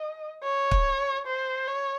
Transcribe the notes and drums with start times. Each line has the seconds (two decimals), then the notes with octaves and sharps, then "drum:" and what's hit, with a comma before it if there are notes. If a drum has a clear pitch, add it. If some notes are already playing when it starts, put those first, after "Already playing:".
Already playing: D#5
0.43 C#5
0.71 drum: kick
1.27 C5
1.68 C#5